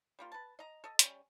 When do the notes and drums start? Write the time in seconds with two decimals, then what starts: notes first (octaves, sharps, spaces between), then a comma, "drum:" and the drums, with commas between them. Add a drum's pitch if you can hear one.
0.19 G3 A#3 F4
0.32 B4 A5
0.59 D#5 A#5
0.84 A4 D#5
0.99 G3 C#4, drum: hi-hat